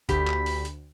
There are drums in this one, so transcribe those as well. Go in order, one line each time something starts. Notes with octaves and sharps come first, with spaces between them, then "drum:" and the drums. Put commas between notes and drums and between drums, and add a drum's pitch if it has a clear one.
D2 G4 B5, drum: kick F#1, hi-hat
drum: clap
drum: open hi-hat
drum: hi-hat